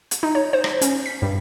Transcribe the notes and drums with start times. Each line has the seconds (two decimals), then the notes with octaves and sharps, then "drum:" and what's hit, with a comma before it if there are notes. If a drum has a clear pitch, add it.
0.11 drum: hi-hat
0.23 D#4
0.35 C#5
0.53 C5
0.64 drum: rim click
0.81 C#4, drum: hi-hat
1.06 B6
1.22 G2